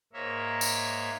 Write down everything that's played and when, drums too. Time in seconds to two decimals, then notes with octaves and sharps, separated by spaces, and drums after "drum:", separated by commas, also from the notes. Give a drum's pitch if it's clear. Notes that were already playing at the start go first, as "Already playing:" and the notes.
0.13 G#2 A#3 A#4 C#5 E5
0.61 drum: tambourine